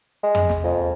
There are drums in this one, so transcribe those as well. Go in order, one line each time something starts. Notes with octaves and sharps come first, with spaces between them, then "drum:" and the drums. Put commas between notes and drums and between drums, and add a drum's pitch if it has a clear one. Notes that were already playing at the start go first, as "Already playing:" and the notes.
G#3
drum: tom
drum: snare
F2